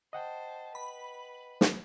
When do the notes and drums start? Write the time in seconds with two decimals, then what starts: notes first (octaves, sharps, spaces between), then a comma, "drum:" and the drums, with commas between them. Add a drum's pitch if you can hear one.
0.13 C5 D#5 F#5 G5 A5
0.75 B4 B5
1.61 drum: snare